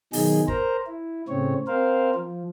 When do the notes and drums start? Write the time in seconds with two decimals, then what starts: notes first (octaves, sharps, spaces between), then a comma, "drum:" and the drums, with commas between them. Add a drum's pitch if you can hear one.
0.13 B2 D#3 F#3 D#4 G#4, drum: open hi-hat
0.48 A#4 C5 A#5, drum: kick
0.86 E4
1.28 A2 C#3 C4 C#5
1.67 C4 A#4 C5 F5
2.15 F3